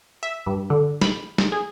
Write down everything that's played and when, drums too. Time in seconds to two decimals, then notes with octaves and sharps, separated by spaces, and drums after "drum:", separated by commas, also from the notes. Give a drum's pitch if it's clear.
0.23 E5
0.46 G2
0.70 D3
1.01 B5, drum: snare
1.38 drum: snare
1.52 G#4